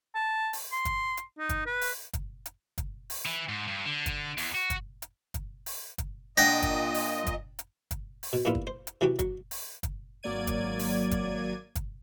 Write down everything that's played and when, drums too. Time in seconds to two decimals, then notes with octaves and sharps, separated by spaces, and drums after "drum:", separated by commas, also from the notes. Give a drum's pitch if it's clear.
0.15 A5
0.53 drum: open hi-hat
0.72 C6
0.85 drum: kick, hi-hat
1.17 drum: hi-hat
1.38 D#4
1.49 drum: kick, hi-hat
1.66 B4
1.81 drum: open hi-hat
2.13 drum: kick, hi-hat
2.46 drum: hi-hat
2.78 drum: kick, hi-hat
3.10 drum: open hi-hat
3.26 E3
3.49 G#2
3.67 G2
3.85 D3
4.06 drum: kick, hi-hat
4.38 E2, drum: open hi-hat
4.55 F#4
4.70 drum: kick, hi-hat
5.02 drum: hi-hat
5.34 drum: kick, hi-hat
5.66 drum: open hi-hat
5.98 drum: kick, hi-hat
6.37 A#2 D4 D#5 F#5 G5 A#6
6.62 drum: kick, hi-hat
6.94 drum: open hi-hat
7.27 drum: kick, hi-hat
7.59 drum: hi-hat
7.91 drum: kick, hi-hat
8.23 drum: open hi-hat
8.33 B2
8.45 G2 A#2 B3 E4 F4
8.55 drum: kick
8.67 C5
8.87 drum: hi-hat
9.01 C3 E3 F#3 F#4 G4
9.19 F#3, drum: kick, hi-hat
9.51 drum: open hi-hat
9.83 drum: kick, hi-hat
10.23 G#1 F#3 A#3 D5 G#6 D#7
10.47 drum: kick, hi-hat
10.79 drum: open hi-hat
11.11 drum: kick, hi-hat
11.75 drum: kick, hi-hat